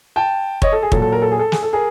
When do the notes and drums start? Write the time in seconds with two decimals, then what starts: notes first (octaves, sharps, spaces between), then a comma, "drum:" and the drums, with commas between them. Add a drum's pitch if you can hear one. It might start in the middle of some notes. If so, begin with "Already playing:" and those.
0.16 G5 A5
0.62 C#5 D#5, drum: kick
0.72 A4
0.83 G#4
0.92 A#2 F#3 A4, drum: kick
1.02 A4
1.12 A#4
1.22 A4
1.31 G#4
1.39 A4
1.52 G#4, drum: snare
1.63 A4
1.73 G#4 A#4